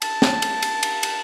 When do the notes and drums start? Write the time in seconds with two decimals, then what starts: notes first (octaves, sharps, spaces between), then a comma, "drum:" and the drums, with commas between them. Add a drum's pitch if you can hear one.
0.02 A5, drum: cymbal
0.22 drum: snare
0.42 drum: cymbal
0.62 drum: cymbal
0.83 drum: cymbal
1.03 drum: cymbal